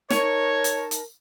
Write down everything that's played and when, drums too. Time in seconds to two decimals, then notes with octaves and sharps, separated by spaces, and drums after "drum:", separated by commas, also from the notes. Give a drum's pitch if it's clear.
0.10 D#4 A#4 C#5 A5, drum: snare
0.64 drum: hi-hat
0.91 drum: hi-hat